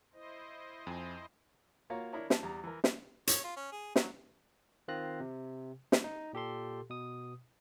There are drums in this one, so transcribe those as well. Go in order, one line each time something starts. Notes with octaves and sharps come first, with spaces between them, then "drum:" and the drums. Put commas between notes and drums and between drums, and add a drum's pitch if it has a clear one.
E4 C5 D#5
F2 G#5
A#3 F4 F#4 C#5 F5 A#5
D4 E4 A#4 C#5
A5, drum: snare
E2 G3 A#5
E3 A#4
drum: snare
C#5, drum: hi-hat
F4
C#4
G#4
F#3, drum: snare
D#3 C4 F4 F#6 A#6
C3
drum: snare
D#4
A#2 G4 A4 C6
B2 D#6